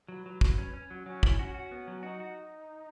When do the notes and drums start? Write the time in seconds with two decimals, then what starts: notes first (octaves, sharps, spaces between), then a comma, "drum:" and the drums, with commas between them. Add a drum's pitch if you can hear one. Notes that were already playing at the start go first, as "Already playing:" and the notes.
0.08 F#3 B4
0.26 F#3
0.41 F#3, drum: kick
0.58 C#4
0.74 C#4
0.91 F#3
1.06 F#3 C#4
1.23 E4, drum: kick
1.39 C#4 F#4
1.54 F#4
1.71 B3
1.88 F#3
2.03 D#4 F#4
2.20 F#4